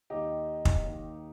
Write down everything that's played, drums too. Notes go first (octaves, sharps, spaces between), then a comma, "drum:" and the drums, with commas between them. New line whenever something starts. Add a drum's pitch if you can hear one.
D#2 D#3 D#4 G4
drum: kick
D#2
D#3